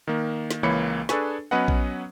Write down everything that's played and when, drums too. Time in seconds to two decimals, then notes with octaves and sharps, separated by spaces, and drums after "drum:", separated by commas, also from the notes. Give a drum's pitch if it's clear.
0.07 D#3 A#3
0.51 drum: snare
0.63 C#2 E3 A#3 C#5 B5 C#7
1.09 D4 G#4 A4 B4 G#5 C#6, drum: snare
1.51 F#3 B3 C#4 B4 D#5 F#5
1.68 drum: kick A#1